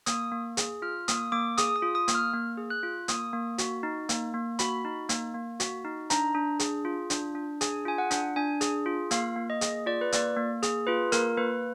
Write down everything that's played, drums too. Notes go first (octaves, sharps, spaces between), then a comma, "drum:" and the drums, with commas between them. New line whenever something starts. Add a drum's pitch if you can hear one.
A#3 D#6, drum: hi-hat
A#3
G#4, drum: hi-hat
F4 F6
A#3 D#6, drum: hi-hat
A#3 D6
G#4 D#6, drum: hi-hat
D#6
F4
D#6
A#3, drum: hi-hat
F6
A#3
G#4
F#6
F4
A#3 D#6, drum: hi-hat
A#3
F#4, drum: hi-hat
D#4
A#3, drum: hi-hat
A#3
F#4 B5, drum: hi-hat
D#4
A#3, drum: hi-hat
A#3
F#4, drum: hi-hat
D#4
D4 A#5, drum: hi-hat
D4
G#4, drum: hi-hat
F4
D4, drum: hi-hat
D4
G#4 G#5, drum: hi-hat
F4 G#5
F#5
D4, drum: hi-hat
D4 G#5
G#4, drum: hi-hat
F4
A#3 F5, drum: hi-hat
A#3
D#5
G#4, drum: hi-hat
F4 D5
B4
A#3 D5, drum: hi-hat
A#3
G#4, drum: hi-hat
F4 B4
A#3 A#4, drum: hi-hat
A#3 B4